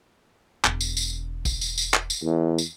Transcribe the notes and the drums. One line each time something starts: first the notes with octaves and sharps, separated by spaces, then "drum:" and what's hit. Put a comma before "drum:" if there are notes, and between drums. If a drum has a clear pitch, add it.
E1, drum: clap
drum: tambourine
drum: tambourine
drum: kick, tambourine
drum: tambourine
drum: tambourine
drum: clap
drum: tambourine
E2
drum: tambourine